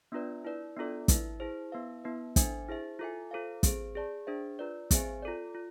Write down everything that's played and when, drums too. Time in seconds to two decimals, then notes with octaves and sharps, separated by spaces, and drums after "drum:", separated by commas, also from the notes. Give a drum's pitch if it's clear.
0.12 B3 D4 F4 B4 D5
0.45 E4 B4 D5
0.77 B3 D4 F4 A4 D5
1.08 E4 B4 E5, drum: kick, hi-hat
1.40 E4 G#4 C5
1.72 B3 E4 B4 F5
2.04 B3 E4 B4
2.36 D4 A4 C5 E5 G#5, drum: kick, hi-hat
2.68 E4 G#4 C5 E5
2.99 F4 A4 E5 G#5
3.31 F4 A4 C5 F5
3.63 C4 G#4 C5, drum: kick, hi-hat
3.95 G#4 D5 A5
4.27 D4 G#4 C5 E5
4.59 F4 B4 D5
4.91 C4 G#4 C5 E5 G#5, drum: kick, hi-hat
5.22 F4 A4 D5
5.55 F4